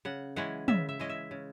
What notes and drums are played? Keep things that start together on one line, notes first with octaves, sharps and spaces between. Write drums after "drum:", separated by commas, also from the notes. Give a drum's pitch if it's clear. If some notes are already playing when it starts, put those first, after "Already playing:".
C#3 F#5
E3 G#3 C#4 F#5
C#3 E5, drum: tom
E5
E3 G#3 C#4 D#5
E5
C#3